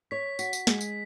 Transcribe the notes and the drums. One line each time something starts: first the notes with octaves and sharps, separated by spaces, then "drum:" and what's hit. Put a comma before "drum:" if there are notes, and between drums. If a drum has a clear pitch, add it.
C#5 B6
F#4 B6, drum: tambourine
drum: tambourine
G#3, drum: snare
drum: tambourine